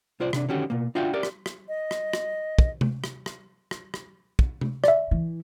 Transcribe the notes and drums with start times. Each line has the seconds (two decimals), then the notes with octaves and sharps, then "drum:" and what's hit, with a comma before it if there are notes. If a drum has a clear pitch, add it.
0.20 C2 F4 C5 D5
0.33 C3 D4, drum: rim click
0.49 D3 D#3 C#4 F#4 G4
0.70 B2 A#3
0.95 D4 F4 F#4 E5 G5
1.13 G4 A#4 D5
1.23 drum: rim click
1.46 drum: rim click
1.68 D#5
1.91 drum: rim click
2.13 drum: rim click
2.59 drum: kick
2.81 drum: tom C3
3.04 drum: rim click
3.26 drum: rim click
3.71 drum: rim click
3.94 drum: rim click
4.39 drum: kick
4.61 drum: tom C3
4.84 D5 E5, drum: rim click
5.11 E3